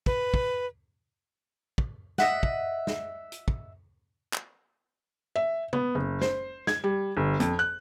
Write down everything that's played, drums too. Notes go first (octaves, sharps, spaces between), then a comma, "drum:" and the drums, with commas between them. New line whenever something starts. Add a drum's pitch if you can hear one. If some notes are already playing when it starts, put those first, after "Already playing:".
B4, drum: kick
drum: kick
drum: kick
D#5 E5 F#5, drum: snare
drum: kick
drum: snare
drum: hi-hat
drum: kick
drum: clap
E5
B3, drum: tom C3
F#1
C5, drum: snare
G#6, drum: snare
G3
G1
F2, drum: hi-hat
F#6